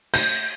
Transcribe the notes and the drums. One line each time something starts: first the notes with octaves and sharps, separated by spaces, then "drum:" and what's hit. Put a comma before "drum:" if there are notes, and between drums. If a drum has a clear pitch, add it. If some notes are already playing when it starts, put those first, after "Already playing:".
G6, drum: cymbal